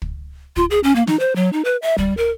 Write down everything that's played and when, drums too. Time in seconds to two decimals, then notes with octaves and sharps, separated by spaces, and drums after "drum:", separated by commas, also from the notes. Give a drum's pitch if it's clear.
0.02 drum: kick
0.56 F4, drum: kick
0.71 G#4
0.83 C#4
0.95 A#3
1.07 D#4, drum: snare
1.20 C5
1.36 F#3
1.53 D#4
1.65 B4
1.82 E5
1.98 G3, drum: kick
2.17 A#4